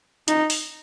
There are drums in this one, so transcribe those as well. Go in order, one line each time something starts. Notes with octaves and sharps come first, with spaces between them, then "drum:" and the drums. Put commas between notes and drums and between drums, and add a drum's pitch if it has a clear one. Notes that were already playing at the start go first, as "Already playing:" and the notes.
D#4, drum: hi-hat
drum: open hi-hat